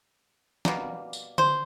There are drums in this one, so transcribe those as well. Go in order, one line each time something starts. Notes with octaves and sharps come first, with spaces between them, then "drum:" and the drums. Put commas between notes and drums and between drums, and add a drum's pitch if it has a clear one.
B2 G3 A#3, drum: snare
drum: tambourine
C5, drum: tom D3